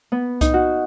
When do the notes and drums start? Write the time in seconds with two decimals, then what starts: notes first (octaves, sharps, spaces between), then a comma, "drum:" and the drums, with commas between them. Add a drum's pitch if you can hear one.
0.12 B3
0.41 D#4, drum: kick C2, hi-hat
0.54 F#4